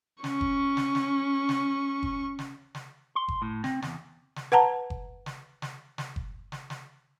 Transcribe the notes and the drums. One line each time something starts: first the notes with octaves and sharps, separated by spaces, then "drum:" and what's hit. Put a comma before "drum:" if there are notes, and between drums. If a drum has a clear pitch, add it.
C#4 C#6, drum: snare
drum: kick F#1
drum: snare
drum: snare
drum: snare
drum: kick F#1
drum: snare
drum: snare
C6
drum: kick F#1
A2
C4, drum: snare
E2, drum: snare
drum: snare
B4 F#5 A5 A#5
drum: kick F#1
drum: snare
drum: snare
drum: snare
drum: kick F#1
drum: snare
drum: snare